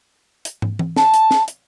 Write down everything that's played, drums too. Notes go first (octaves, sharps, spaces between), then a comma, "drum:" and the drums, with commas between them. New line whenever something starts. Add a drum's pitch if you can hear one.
drum: hi-hat
drum: tom
drum: tom E3
A5, drum: snare
drum: hi-hat
drum: snare
drum: hi-hat